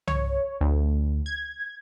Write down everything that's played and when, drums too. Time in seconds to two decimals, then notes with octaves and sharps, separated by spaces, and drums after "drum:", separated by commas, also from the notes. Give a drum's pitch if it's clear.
0.07 C#5, drum: tom C2
0.61 D2
1.26 G#6